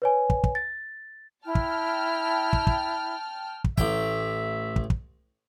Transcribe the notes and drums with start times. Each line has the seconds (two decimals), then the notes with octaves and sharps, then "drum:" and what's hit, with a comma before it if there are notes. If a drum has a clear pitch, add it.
0.02 B4 C#5 G#5
0.30 drum: kick
0.44 drum: kick
0.55 A6
1.46 E4 G5 A5 F6
1.55 drum: kick
2.53 drum: kick
2.67 drum: kick
3.64 drum: kick
3.78 A1 E5 G5, drum: kick
4.76 drum: kick
4.90 drum: kick